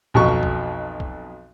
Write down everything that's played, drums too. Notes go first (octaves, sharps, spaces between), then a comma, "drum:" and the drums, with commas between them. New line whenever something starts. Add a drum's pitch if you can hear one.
B1 F2 F#3 C#6
drum: kick
drum: kick
drum: kick